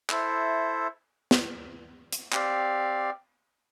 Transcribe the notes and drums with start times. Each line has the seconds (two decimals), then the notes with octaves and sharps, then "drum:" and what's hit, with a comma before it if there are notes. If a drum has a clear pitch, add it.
0.10 E4 A4 C5 E5, drum: clap
1.31 drum: snare
2.13 drum: hi-hat
2.32 C4 G4 D5 F5, drum: clap